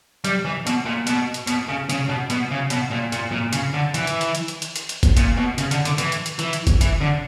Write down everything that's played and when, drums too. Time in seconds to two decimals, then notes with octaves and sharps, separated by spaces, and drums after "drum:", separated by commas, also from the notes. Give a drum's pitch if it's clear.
0.24 G3, drum: hi-hat
0.45 E3
0.67 B2, drum: hi-hat
0.86 A#2
1.07 B2, drum: hi-hat
1.34 drum: hi-hat
1.47 B2, drum: hi-hat
1.69 C#3
1.90 C#3, drum: hi-hat
2.09 B2
2.30 B2, drum: hi-hat
2.51 C#3
2.70 B2, drum: hi-hat
2.91 A#2
3.12 A#2, drum: hi-hat
3.32 A#2
3.53 C#3, drum: hi-hat
3.74 D3
3.94 E3, drum: hi-hat
4.07 drum: hi-hat
4.21 drum: hi-hat
4.35 drum: hi-hat
4.48 drum: hi-hat
4.62 drum: hi-hat
4.76 drum: hi-hat
4.89 drum: hi-hat
5.03 drum: kick F1, hi-hat
5.17 A#2, drum: hi-hat
5.37 B2
5.58 C#3, drum: hi-hat
5.71 D3, drum: hi-hat
5.85 D3, drum: hi-hat
5.98 E3, drum: hi-hat
6.12 drum: hi-hat
6.26 drum: hi-hat
6.39 E3, drum: hi-hat
6.53 drum: hi-hat
6.67 drum: kick F1, hi-hat
6.81 E3, drum: hi-hat
7.01 D3